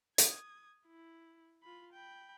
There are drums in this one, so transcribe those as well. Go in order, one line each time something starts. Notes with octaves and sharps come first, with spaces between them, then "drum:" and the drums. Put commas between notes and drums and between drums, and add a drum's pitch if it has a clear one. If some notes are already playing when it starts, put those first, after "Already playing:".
D#6 G#6, drum: hi-hat
E4
F4 B5
G5 B5